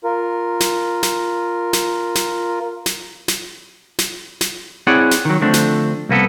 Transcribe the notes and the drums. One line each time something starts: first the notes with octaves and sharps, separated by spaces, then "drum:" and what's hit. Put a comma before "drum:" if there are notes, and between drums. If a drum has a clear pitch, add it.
F4 A#4
drum: snare
drum: snare
drum: snare
drum: snare
drum: snare
drum: snare
drum: snare
drum: snare
C4 E4 G#4 C#5 D5 F#5
drum: snare
D#3 F#3
D3 F3 A3 C4 D4
drum: snare
C2 A#3 B3 A4